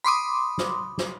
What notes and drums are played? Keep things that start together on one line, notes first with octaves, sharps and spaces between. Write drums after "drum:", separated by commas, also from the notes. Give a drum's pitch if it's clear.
B5 C6 D6 D#6
drum: snare
drum: snare